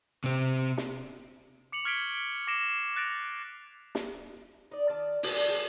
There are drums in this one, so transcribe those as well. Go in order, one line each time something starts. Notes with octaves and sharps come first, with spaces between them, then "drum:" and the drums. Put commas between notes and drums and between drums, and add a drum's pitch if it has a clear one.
C3 C4
drum: snare
D6 C#7 F7 F#7
C#6 F6 G#6 B6 D7 G7
D6 A#6 C7 D7 E7 G7
F#6 A6 A#6 D7 F7
drum: snare
D#4 D5
D#3 F4 D5 A5
D3 D4, drum: open hi-hat
G#3